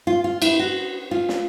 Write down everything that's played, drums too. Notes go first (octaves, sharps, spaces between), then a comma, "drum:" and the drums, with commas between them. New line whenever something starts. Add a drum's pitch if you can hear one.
F4
F4
E4, drum: cymbal
F#4
F4
drum: snare